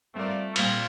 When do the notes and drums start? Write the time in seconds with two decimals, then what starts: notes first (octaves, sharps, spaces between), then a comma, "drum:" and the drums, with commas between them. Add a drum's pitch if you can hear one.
0.14 G3 A3 C4 F4 A#4 D5
0.56 A#2 G3 C4 F4, drum: cymbal